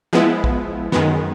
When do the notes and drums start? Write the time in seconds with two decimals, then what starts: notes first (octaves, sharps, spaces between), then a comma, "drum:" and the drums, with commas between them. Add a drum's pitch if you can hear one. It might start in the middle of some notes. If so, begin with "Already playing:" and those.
0.13 F3 G#3 B3 E4
0.44 drum: kick
0.92 F#2 D#3 G#3 B3, drum: snare